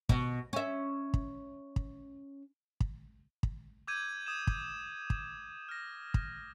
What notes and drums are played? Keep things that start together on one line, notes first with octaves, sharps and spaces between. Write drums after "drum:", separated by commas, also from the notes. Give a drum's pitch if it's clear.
B2, drum: kick
C#4 E5
drum: kick
drum: kick
drum: kick
drum: kick
D6 E6 G6 G#6 D#7
D#6 G#6 E7
drum: kick
drum: kick
F6 A#6
drum: kick